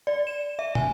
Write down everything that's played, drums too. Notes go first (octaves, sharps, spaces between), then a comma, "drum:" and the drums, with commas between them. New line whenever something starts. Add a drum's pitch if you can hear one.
D5
E7
E5
G#5, drum: tom